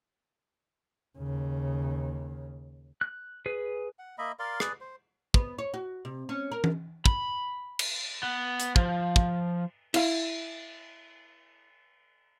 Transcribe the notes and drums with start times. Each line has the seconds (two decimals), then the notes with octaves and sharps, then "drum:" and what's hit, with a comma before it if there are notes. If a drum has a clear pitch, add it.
1.18 D#2 C#3
3.01 F#6
3.46 G#4 B4
3.99 F#5
4.18 A#3 D#5 E5 B5
4.39 A#4 D5 F5 C6
4.60 G#4 B4 D5, drum: rim click
4.81 C5
5.34 B3, drum: kick
5.58 C#5
5.74 F#4
6.05 C3
6.29 C#4
6.52 A#4
6.64 drum: tom E3
7.06 B5, drum: kick
7.79 drum: cymbal
8.23 B3
8.60 drum: hi-hat
8.76 F3, drum: kick
9.16 drum: kick
9.94 E4 F5, drum: cymbal